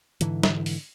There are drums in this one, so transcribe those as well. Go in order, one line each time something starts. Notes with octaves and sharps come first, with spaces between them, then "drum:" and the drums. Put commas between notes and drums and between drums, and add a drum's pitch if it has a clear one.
G#2 D3 E3, drum: hi-hat
drum: snare
drum: open hi-hat